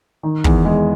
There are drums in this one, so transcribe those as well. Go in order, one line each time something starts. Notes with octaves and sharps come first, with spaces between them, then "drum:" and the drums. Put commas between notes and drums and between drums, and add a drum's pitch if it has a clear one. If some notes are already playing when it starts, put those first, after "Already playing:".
D#3
E2, drum: kick
G#3